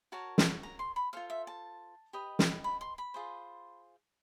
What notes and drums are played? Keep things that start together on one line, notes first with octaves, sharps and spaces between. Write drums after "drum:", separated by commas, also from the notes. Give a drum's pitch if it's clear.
F#4 A#4 C#5 A5
drum: snare
A#5
C6
B5
F4 A4 C5 F5
E5
A5
G4 B4 D#5
drum: snare
B5
C6
B5
F4 G#4 C5